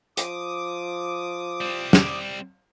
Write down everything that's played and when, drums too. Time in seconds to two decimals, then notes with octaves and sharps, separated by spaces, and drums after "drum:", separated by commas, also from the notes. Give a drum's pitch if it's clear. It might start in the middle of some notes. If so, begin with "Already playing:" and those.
0.17 F3 D6 D#6, drum: hi-hat
1.61 G3 C4
1.93 drum: snare